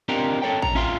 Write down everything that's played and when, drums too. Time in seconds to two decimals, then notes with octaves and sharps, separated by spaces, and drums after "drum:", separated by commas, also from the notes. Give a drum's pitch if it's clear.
0.09 C4 D4 D#4 F4 G4 A#4
0.42 C#4 A4 C#5 G5
0.62 B1 A#5, drum: kick A1
0.75 C#4 F4 E5 F5 C6